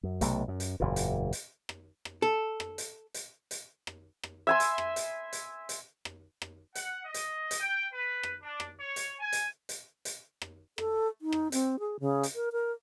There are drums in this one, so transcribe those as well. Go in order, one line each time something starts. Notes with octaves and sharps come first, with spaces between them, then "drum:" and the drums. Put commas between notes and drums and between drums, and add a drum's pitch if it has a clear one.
F#2
B1 C3 A3, drum: hi-hat
F#2
drum: hi-hat
F#1 E2 A#2
drum: hi-hat
drum: hi-hat
drum: rim click
drum: rim click
A4
drum: rim click
drum: hi-hat
drum: hi-hat
drum: hi-hat
drum: rim click
drum: rim click
E5 G#5 C6
drum: hi-hat
drum: rim click
drum: hi-hat
drum: hi-hat
drum: hi-hat
drum: rim click
drum: rim click
F#5, drum: hi-hat
D#5
drum: hi-hat
drum: hi-hat
G5
B4
drum: rim click
D4
drum: rim click
C#5
drum: hi-hat
G#5
drum: hi-hat
drum: hi-hat
drum: hi-hat
drum: rim click
A4, drum: rim click
D#4
drum: rim click
C4, drum: hi-hat
G#4
C#3
drum: hi-hat
A#4
A#4